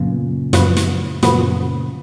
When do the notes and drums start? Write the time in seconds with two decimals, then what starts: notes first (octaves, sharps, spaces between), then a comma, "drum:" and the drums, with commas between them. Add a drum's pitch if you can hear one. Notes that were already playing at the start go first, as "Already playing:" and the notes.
Already playing: F#2 A#2 C#3 B3 F4
0.53 F#2 F3 B3 F#4 B4, drum: snare
0.77 drum: snare
1.23 F#2 A#2 C#3 F3 B3 F#4 B4, drum: snare